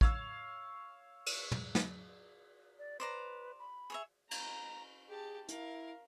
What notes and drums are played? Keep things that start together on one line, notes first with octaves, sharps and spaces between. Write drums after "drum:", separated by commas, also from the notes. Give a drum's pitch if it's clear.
C#5 F5 E6, drum: kick
drum: cymbal
drum: tom
drum: snare
D5
B4 C5 D5 A#5
B5
G#4 C#5 E5
A#5, drum: cymbal
G4 G#4 A5
E4 A#4 F5, drum: hi-hat